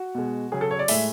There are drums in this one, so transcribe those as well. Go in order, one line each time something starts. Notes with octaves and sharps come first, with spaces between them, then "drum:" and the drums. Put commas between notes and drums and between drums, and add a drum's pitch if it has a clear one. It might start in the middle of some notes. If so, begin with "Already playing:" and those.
Already playing: F#4
B2 G#3
C#3 F#3 G#4
A4
C#5
D5
A2 G#3 E5, drum: open hi-hat